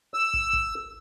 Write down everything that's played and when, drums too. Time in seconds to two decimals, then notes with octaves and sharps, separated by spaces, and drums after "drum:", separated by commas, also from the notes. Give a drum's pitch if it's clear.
0.14 E6
0.34 drum: kick
0.53 drum: kick